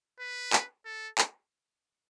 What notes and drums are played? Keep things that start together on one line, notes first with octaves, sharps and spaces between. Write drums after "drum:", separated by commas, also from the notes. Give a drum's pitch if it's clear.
B4
drum: clap
A4
drum: clap